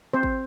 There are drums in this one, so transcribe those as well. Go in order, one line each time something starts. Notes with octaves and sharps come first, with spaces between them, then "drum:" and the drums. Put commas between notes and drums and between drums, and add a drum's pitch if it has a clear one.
C4 C5
drum: kick